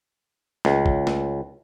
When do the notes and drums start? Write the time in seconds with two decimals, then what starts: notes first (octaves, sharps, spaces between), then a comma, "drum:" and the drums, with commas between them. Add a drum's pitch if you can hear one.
0.65 C#2, drum: snare
0.86 drum: kick
1.07 drum: snare